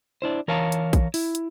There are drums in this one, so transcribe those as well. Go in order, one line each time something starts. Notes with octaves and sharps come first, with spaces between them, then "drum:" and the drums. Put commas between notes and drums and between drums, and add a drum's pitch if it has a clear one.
D4 E4 C5
E3 A#4 C#5 F5 A5
drum: hi-hat
drum: kick, hi-hat
E4, drum: open hi-hat
drum: hi-hat